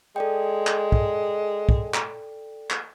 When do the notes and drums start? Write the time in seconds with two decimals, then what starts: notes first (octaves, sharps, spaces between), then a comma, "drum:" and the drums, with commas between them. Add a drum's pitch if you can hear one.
0.16 G#3 A4 D5 G5
0.67 drum: clap
0.92 drum: kick
1.69 drum: kick
1.94 drum: clap
2.70 drum: clap